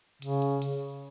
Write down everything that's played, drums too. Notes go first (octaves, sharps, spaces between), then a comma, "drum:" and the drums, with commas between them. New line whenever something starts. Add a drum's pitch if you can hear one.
C#3, drum: hi-hat
drum: hi-hat
drum: hi-hat